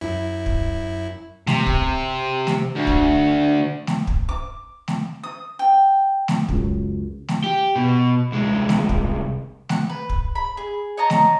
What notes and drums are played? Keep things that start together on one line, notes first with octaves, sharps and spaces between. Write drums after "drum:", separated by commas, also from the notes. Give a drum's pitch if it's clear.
F#2 E4
drum: kick
C3, drum: snare A3
drum: kick
drum: snare A3
D2
drum: kick
drum: snare A3
drum: kick
D6
drum: snare A3
D#6
G5
drum: snare A3
C#2 F#2, drum: kick
drum: snare A3
G4
B2
C2 G#3
drum: snare A3
drum: kick
F#5, drum: snare A3
B4
drum: kick
B5
G#4
C#5 D#5 A5 A#5
drum: snare A3